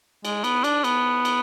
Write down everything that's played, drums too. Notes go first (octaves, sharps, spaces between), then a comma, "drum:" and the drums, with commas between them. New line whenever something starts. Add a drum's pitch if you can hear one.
G#3, drum: cymbal
B3, drum: cymbal
D4, drum: cymbal
B3, drum: cymbal
drum: cymbal